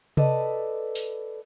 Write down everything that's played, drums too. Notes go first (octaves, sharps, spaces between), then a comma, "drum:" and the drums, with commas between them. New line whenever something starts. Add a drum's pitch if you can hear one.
A4 B4 D5 D#5, drum: tom C3
drum: open hi-hat